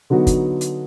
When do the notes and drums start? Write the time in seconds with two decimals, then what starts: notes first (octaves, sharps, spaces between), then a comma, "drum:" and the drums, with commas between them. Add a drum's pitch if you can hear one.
0.10 D3 F#3 B3 D#4 F#4
0.27 drum: kick, hi-hat
0.61 drum: hi-hat